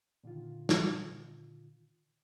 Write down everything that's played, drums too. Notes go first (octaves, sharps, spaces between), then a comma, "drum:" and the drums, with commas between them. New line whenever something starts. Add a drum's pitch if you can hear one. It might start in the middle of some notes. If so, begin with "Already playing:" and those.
A#2 D3 D#3 F4
drum: snare